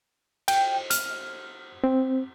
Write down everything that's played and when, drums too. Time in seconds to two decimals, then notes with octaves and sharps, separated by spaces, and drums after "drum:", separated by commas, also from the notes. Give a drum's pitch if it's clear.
0.48 G5, drum: cymbal
0.90 F6, drum: hi-hat
1.84 C4